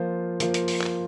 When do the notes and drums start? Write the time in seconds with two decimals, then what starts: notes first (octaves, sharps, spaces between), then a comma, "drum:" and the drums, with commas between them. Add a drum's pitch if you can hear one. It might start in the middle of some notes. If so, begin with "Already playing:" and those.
Already playing: F3 A#3 F4 C5
0.40 F3 A#3 F4 C5, drum: hi-hat
0.54 drum: hi-hat
0.68 drum: open hi-hat
0.82 drum: clap